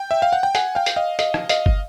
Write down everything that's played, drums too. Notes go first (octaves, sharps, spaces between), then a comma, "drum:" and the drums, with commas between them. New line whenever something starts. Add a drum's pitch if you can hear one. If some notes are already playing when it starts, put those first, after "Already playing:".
Already playing: G5
E5
F5
F#5
G5
F#5 G#5, drum: hi-hat
F5 G5
drum: hi-hat
D#5 F5
D#5 F5, drum: hi-hat
drum: rim click
D#5 F5, drum: hi-hat
drum: kick